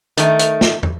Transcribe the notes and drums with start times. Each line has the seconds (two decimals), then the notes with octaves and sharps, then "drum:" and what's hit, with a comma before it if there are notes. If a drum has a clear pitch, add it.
0.17 D#3 A3, drum: hi-hat
0.39 drum: hi-hat
0.61 drum: snare
0.83 drum: tom